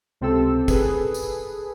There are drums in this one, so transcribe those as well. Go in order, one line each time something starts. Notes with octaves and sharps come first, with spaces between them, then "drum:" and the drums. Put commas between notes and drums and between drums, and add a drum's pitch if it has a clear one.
C#2 C3 C4 G4 A4 E6
G#4 A4 B4, drum: kick F#1, tambourine
drum: tambourine